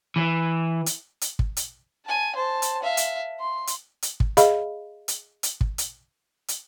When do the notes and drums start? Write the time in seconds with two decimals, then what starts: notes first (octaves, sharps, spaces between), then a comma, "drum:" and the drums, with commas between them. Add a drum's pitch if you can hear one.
0.16 E3
0.86 drum: hi-hat
1.21 drum: hi-hat
1.39 drum: kick
1.57 drum: hi-hat
2.06 G#5 A5
2.36 C5 A5
2.62 drum: hi-hat
2.83 E5 F5
2.97 drum: hi-hat
3.40 C6
3.67 drum: hi-hat
4.02 drum: hi-hat
4.20 drum: kick
4.37 G#4 D#5 F5 B5, drum: hi-hat
5.08 drum: hi-hat
5.43 drum: hi-hat
5.61 drum: kick
5.78 drum: hi-hat
6.48 drum: hi-hat